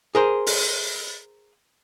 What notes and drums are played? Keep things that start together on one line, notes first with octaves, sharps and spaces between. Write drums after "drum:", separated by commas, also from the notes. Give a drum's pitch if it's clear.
G#4 A#4 C5
drum: open hi-hat